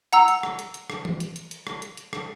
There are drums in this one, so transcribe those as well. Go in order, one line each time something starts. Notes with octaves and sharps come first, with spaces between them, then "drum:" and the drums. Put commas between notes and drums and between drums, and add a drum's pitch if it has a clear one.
F#5 A#5 E6, drum: hi-hat
drum: hi-hat
drum: rim click
drum: hi-hat
drum: hi-hat
drum: rim click
drum: tom E3
drum: hi-hat
drum: hi-hat
drum: hi-hat
drum: rim click
drum: hi-hat
drum: hi-hat
drum: rim click